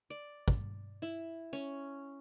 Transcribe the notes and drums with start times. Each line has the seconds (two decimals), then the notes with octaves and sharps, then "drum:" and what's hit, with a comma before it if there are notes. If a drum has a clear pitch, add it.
0.10 D5
0.48 drum: kick
1.02 E4
1.53 C#4